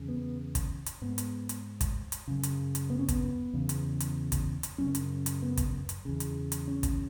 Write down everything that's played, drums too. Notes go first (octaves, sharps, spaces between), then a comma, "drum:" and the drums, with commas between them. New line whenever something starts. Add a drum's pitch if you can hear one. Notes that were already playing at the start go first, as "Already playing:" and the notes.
Already playing: E2 C#3
B3
drum: kick, hi-hat
drum: hi-hat
G#2 B3
drum: hi-hat
drum: hi-hat
drum: kick, hi-hat
drum: hi-hat
F#2 C#3
drum: hi-hat
drum: hi-hat
B3
C#4
B3, drum: kick, hi-hat
E2 C#3
drum: hi-hat
drum: hi-hat
drum: kick, hi-hat
drum: hi-hat
F#2 C#3 C#4
drum: hi-hat
drum: hi-hat
B3
drum: kick, hi-hat
drum: hi-hat
E2 C#3
drum: hi-hat
drum: hi-hat
C#4
drum: kick, hi-hat